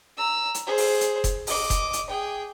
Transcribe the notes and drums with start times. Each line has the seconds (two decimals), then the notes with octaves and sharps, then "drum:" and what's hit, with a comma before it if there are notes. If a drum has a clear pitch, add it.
0.17 A#5 E6
0.54 drum: hi-hat
0.67 G#4 C5
0.78 drum: open hi-hat
1.01 drum: hi-hat
1.24 drum: kick F1, hi-hat
1.47 D#5 D6, drum: open hi-hat
1.70 drum: kick F1, hi-hat
1.93 drum: hi-hat
2.09 G#4 G5